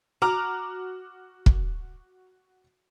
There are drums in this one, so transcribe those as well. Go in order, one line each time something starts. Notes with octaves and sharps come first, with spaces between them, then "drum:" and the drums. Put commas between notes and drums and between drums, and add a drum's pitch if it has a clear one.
F#4 A#5 D6 F6
drum: kick